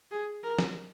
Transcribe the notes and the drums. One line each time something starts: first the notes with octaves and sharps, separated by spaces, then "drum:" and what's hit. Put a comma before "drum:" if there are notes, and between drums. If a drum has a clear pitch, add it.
G#4
A#4
drum: snare